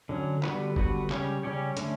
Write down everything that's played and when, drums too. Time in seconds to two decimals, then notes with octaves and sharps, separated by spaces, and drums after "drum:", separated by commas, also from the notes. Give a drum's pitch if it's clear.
0.09 D3 F#3 C#4
0.43 D3 G3 B3 F#4 B4, drum: clap
0.76 D3 G3 B3 F#4 B4, drum: kick F#1
1.10 C#3 G3 C#4 G4 C#5, drum: clap
1.43 C#3 G3 C#4 G4 C#5
1.77 D3 A3 C#4, drum: hi-hat